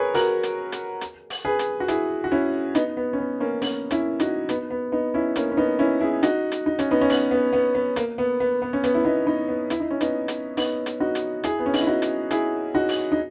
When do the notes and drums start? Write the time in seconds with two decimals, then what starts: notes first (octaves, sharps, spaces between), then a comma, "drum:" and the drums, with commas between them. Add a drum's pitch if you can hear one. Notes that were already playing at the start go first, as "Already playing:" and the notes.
Already playing: G#4 A#4 B4 C#5
0.14 F#4 A#4, drum: open hi-hat
0.43 drum: hi-hat
0.72 drum: hi-hat
1.01 drum: hi-hat
1.30 drum: open hi-hat
1.45 G#4 B4
1.59 drum: hi-hat
1.80 F#4
1.88 E4 G#4, drum: hi-hat
2.24 F#4
2.32 C#4 E4
2.75 B3 D#4, drum: hi-hat
2.97 B3
3.13 C#4
3.18 B3
3.40 A#3 C#4
3.62 A#3 C#4, drum: open hi-hat
3.91 C#4 E4, drum: hi-hat
4.20 D#4 F#4, drum: hi-hat
4.49 B3 D#4, drum: hi-hat
4.70 B3
4.92 B3 D#4
5.14 C#4 E4
5.36 A#3 C#4, drum: hi-hat
5.52 C#4
5.57 B3 D#4
5.79 C#4 E4
6.01 E4 G#4
6.23 D#4 F#4, drum: hi-hat
6.52 drum: hi-hat
6.66 D#4
6.79 C#4, drum: hi-hat
6.91 B3 D#4
7.01 C#4
7.10 B3, drum: open hi-hat
7.31 B3
7.53 B3
7.75 B3
7.96 A#3, drum: hi-hat
8.18 B3
8.40 B3
8.62 B3
8.73 C#4
8.84 B3, drum: hi-hat
8.94 E4
9.05 B3 D#4
9.26 B3 D#4
9.48 B3
9.70 E4, drum: hi-hat
9.80 D#4
9.91 C#4
10.01 B3 D#4, drum: hi-hat
10.28 drum: hi-hat
10.57 B3 D#4, drum: open hi-hat
10.86 drum: hi-hat
11.00 D#4 F#4
11.15 drum: hi-hat
11.44 E4 G#4, drum: hi-hat
11.59 B3
11.66 C#4
11.74 D#4, drum: open hi-hat
11.81 E4
11.87 D#4 F#4
12.02 drum: hi-hat
12.31 E4 G#4, drum: hi-hat
12.74 D#4 F#4
12.89 drum: open hi-hat
13.12 D#4